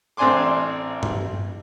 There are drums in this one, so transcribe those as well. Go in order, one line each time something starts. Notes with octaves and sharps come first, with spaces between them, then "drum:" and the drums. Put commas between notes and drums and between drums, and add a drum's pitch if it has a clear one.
A1 C4 D4 G#5 C6 D6
drum: tom G2